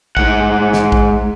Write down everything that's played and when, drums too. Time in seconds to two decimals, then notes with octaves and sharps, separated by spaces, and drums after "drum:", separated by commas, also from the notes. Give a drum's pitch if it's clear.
0.17 G#2 F#5, drum: kick A#1
0.73 drum: snare
0.92 drum: kick A#1